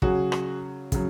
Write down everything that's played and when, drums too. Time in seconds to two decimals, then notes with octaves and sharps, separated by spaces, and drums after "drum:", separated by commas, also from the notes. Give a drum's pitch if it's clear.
0.02 C#3 F#3 F#4 G#4, drum: kick
0.32 drum: rim click
0.92 C#3 F#3, drum: kick, hi-hat